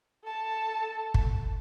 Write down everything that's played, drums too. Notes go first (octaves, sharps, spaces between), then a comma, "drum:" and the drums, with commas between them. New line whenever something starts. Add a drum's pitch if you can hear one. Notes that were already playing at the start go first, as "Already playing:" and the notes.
A4 A5
drum: kick